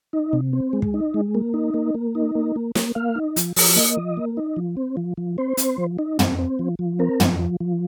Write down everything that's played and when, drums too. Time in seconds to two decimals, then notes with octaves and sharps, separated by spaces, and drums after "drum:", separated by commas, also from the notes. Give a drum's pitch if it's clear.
0.13 D#4
0.33 C3
0.53 C4
0.73 G#3
0.82 drum: kick
0.94 D#4
1.14 G#3
1.35 A#3
1.54 D#4
1.74 A#3
1.94 A#3
2.15 D#4
2.35 A#3
2.56 A#3
2.75 A#3, drum: snare
2.95 A#3 F5
3.16 D#4
3.36 F3, drum: hi-hat
3.56 F3, drum: open hi-hat
3.76 A#3 D#5
3.97 F3
4.17 A#3
4.37 D#4
4.56 F3
4.77 C4
4.97 F3
5.17 F3
5.38 C4 C5
5.57 C4, drum: hi-hat
5.78 F3
5.99 D#4
6.19 C4, drum: tom
6.39 C4
6.59 F3
6.79 F3
6.99 C4 A#4
7.20 F3, drum: tom
7.39 F3
7.60 F3